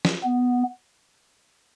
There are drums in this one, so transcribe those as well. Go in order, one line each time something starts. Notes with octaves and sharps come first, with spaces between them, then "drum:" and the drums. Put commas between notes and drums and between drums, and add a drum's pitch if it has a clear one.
drum: snare
B3